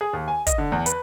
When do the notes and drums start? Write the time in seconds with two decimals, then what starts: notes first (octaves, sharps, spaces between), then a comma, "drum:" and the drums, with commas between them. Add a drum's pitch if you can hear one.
0.01 G#4
0.13 D#2
0.28 G#5
0.47 D#5, drum: kick, hi-hat
0.58 D3
0.72 E2
0.86 B4, drum: hi-hat